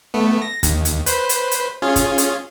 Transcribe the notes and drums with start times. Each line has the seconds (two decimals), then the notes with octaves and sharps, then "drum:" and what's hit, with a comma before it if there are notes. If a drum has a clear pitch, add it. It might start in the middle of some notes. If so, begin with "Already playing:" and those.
0.14 A3 B3
0.42 A#6
0.63 D#2, drum: kick, hi-hat
0.85 drum: hi-hat
1.06 B4 C5 B5, drum: hi-hat
1.29 drum: hi-hat
1.51 drum: hi-hat
1.82 C#4 F4 G#4
1.96 drum: kick, hi-hat
2.18 drum: hi-hat